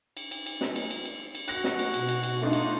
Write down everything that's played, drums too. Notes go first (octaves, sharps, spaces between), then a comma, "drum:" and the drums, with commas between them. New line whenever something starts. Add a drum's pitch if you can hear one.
drum: cymbal
drum: cymbal
drum: cymbal
drum: snare
drum: cymbal
drum: cymbal
drum: cymbal
drum: cymbal
F#4 F#6 A#6, drum: cymbal
drum: snare
drum: cymbal
B2, drum: cymbal
drum: cymbal
drum: cymbal
A3 D4 D#4 F4
drum: cymbal